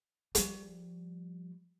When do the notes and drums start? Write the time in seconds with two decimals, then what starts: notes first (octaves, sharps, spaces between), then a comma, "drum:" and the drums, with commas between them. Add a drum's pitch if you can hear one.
0.35 F3 G3, drum: hi-hat